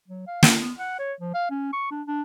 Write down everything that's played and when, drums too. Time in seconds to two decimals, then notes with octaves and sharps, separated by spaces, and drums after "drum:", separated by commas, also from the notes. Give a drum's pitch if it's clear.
0.08 F#3
0.27 F5
0.43 drum: snare
0.60 B3
0.79 F#5
0.99 C#5
1.20 F3
1.34 F5
1.50 C#4
1.73 C#6
1.91 D4
2.07 D4